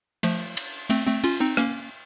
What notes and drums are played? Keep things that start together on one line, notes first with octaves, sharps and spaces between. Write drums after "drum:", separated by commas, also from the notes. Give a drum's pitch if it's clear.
F3 A3, drum: cymbal
drum: cymbal
A3 C4, drum: cymbal
A3 C4
C#4 F4, drum: cymbal
C4 D#4
A#3 C#4, drum: rim click